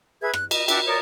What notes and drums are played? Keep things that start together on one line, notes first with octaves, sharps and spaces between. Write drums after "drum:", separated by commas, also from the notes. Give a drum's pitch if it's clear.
G#4 B4 E5 G#6
F#6, drum: rim click
D#5, drum: cymbal
D4 F#4 E5 G5, drum: cymbal
A#4 C#5 D5 D#6